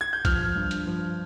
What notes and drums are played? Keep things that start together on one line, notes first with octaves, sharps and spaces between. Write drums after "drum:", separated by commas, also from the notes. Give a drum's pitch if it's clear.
G#6
G6
F3 F6, drum: kick B1, hi-hat
G2
drum: hi-hat
F3